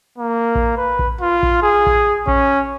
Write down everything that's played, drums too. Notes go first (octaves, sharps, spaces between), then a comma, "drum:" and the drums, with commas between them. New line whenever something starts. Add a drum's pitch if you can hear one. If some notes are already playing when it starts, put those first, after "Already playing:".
A#3
drum: kick A#1
B4
drum: kick A#1
F4
drum: kick A#1
G#4
drum: kick A#1
C#4, drum: kick A#1